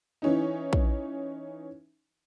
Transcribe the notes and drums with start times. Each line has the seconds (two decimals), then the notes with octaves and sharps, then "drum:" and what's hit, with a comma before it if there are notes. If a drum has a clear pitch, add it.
0.22 E3 C#4 D#4
0.73 drum: kick A#1